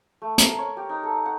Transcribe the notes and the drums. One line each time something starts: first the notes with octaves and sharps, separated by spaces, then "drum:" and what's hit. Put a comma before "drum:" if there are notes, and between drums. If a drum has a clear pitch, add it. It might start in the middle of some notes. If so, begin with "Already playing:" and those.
A3
A#4, drum: hi-hat
C#5
G4
D#4
A4
F#5